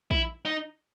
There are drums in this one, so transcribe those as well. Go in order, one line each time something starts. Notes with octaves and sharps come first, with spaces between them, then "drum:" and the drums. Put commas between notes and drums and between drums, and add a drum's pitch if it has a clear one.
E4, drum: kick
D#4